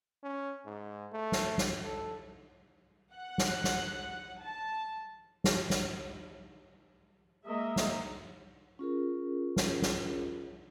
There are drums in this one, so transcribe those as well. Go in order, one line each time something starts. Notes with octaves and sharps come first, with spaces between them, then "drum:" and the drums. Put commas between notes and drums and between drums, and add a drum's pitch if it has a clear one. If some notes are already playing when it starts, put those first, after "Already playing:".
C#4
G#2
A3
drum: snare
drum: snare
A4
F#5 F#6
drum: snare
drum: snare
A5
drum: snare
drum: snare
G#3 A#3 A#4 D#5 E5
drum: snare
C#4 F4 G#4 A#4
drum: snare
drum: snare